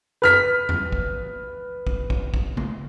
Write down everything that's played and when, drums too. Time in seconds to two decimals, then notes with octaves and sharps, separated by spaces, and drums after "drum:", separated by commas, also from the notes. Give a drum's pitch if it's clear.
0.22 B4 F6 B6
0.69 drum: tom E2
0.92 drum: kick
1.87 drum: kick
2.10 drum: kick
2.34 drum: kick
2.57 drum: tom C#3